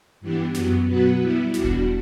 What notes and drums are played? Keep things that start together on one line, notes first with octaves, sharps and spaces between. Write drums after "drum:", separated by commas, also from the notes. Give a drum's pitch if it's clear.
G2 E3 B3 D4 G4
F#2 F#3 B3, drum: snare
B2 F#3 B3 F#4 B4
G3 B3 E4
E2 B2 G3 D4 F#4, drum: snare
drum: kick E1